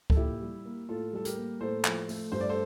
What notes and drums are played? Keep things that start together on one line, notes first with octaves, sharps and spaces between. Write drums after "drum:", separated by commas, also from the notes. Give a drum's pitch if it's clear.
A4, drum: kick C#2
A#2 E4 G4
G3
A#3
A2 F4 A4
G3 A4
G4 A#4, drum: hi-hat
A#3
A2 A4 C5
F3, drum: clap
A3, drum: open hi-hat
G2 C5
D5
A4 C5